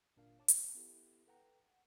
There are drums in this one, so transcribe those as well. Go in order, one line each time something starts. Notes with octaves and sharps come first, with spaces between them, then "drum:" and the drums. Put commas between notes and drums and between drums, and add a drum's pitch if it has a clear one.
G1 A#2 D4 A#4 F5
C#5 A5 D6
drum: hi-hat
B3 E4 G4 A4
A4 B4 F#5 G5 A#5
F#5